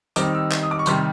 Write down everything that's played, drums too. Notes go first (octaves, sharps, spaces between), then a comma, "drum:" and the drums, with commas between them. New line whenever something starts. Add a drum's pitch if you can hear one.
D#3 G3 C4 D#4 D6, drum: hi-hat
E6
drum: clap
D#6
D6
C#6
C3 D#3 G3 C6, drum: hi-hat